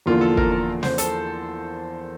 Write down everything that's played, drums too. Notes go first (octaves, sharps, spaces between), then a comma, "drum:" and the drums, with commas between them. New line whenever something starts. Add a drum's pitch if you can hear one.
E2 D3 F3 A#3 F4
A4
A#4, drum: kick
A#4
C5, drum: snare
A4, drum: hi-hat